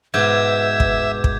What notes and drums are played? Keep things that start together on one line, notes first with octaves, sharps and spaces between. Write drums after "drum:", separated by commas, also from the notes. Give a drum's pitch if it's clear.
G#2 B2 B4 E5 G#5 D6 G6 G#6
drum: kick
drum: kick